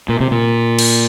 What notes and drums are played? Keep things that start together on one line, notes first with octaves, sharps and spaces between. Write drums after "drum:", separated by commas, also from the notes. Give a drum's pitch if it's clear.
A#2
C3
A#2
drum: cymbal